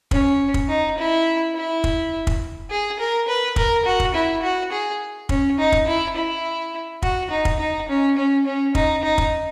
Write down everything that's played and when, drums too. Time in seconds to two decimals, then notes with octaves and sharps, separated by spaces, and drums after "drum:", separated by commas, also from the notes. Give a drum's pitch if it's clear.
0.11 C#4, drum: kick
0.54 drum: kick
0.69 D#4
0.98 E4
1.55 E4
1.84 drum: kick
2.27 drum: kick
2.70 G#4
2.99 A#4
3.28 B4
3.56 A#4, drum: kick
3.85 F#4
4.00 drum: kick
4.14 E4
4.43 F#4
4.72 G#4
5.29 C#4, drum: kick
5.58 D#4
5.72 drum: kick
5.87 E4
6.16 E4
7.02 F#4, drum: kick
7.31 D#4
7.45 drum: kick
7.60 D#4
7.88 C#4
8.17 C#4
8.46 C#4
8.75 D#4, drum: kick
9.03 D#4
9.18 drum: kick